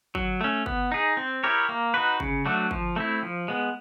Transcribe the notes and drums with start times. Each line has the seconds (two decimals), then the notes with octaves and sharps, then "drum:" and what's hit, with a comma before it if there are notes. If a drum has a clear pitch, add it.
0.15 F#3, drum: kick G1
0.41 A3 C#4
0.66 B3, drum: kick G1
0.92 D#4 G#4
1.17 C4
1.44 E4 G4 A#4 C#5
1.69 A#3
1.94 D#4 F#4 B4
2.20 C#3, drum: kick G1
2.46 F#3 A3 D4 F#4
2.71 F3, drum: kick G1
2.96 A3 C4 E4
3.23 F3
3.48 G#3 B3